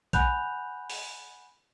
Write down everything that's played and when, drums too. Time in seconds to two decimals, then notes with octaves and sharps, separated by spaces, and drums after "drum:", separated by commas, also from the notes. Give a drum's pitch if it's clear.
0.13 F#5 G#5 B5 F#6 G6 F7, drum: kick, hi-hat
0.90 drum: open hi-hat